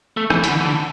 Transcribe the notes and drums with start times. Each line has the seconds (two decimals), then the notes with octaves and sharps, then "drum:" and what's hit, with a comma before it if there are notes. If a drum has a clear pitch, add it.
0.17 A3
0.30 E3, drum: rim click
0.44 E3, drum: hi-hat
0.48 D3
0.61 E3
0.66 D3